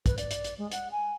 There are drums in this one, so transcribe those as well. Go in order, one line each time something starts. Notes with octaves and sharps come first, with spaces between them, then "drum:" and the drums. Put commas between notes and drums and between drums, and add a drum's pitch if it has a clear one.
B4, drum: kick, hi-hat
D5, drum: hi-hat
drum: hi-hat
drum: hi-hat
G#3
F#5, drum: hi-hat
G#5